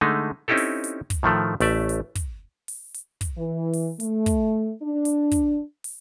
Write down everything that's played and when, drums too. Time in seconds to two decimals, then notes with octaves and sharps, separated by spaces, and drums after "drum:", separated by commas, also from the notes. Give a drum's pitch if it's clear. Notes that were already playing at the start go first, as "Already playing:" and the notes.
0.01 D3 G#3 A3 D#4
0.48 C4 C#4 D#4 E4 G4 A4
0.57 drum: open hi-hat
0.84 drum: hi-hat
1.10 drum: kick, hi-hat
1.23 A2 D#3 F3 A3
1.60 A1 A3 D5 E5, drum: open hi-hat
1.89 drum: hi-hat
2.15 drum: kick, hi-hat
2.68 drum: open hi-hat
2.94 drum: hi-hat
3.21 drum: kick, hi-hat
3.36 E3
3.73 drum: open hi-hat
4.00 A3, drum: hi-hat
4.26 drum: kick, hi-hat
4.83 D4
5.05 drum: hi-hat
5.31 drum: kick, hi-hat
5.84 drum: open hi-hat